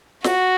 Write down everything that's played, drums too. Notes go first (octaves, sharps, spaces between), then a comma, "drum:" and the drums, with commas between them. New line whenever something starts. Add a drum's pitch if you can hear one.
F#4, drum: snare